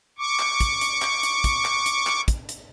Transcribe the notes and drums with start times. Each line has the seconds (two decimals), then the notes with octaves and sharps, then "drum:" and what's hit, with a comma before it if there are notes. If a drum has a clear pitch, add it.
0.19 C#6 D6
0.39 drum: clap
0.60 drum: kick, hi-hat
0.81 drum: hi-hat
1.02 drum: clap
1.23 drum: hi-hat
1.44 drum: kick, hi-hat
1.65 drum: clap
1.86 drum: hi-hat
2.07 drum: clap
2.28 drum: kick, hi-hat
2.49 drum: hi-hat